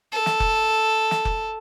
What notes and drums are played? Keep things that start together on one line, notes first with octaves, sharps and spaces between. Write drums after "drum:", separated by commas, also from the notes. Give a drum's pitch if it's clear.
A4
drum: snare
drum: kick F1
drum: snare
drum: kick F1